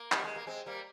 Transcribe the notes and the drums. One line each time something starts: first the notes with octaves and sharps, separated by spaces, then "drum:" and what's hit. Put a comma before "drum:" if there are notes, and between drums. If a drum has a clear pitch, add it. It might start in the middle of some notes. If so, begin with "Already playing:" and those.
Already playing: A#3
G3, drum: clap
G#3
A#3
G#3 C4
G3 A#3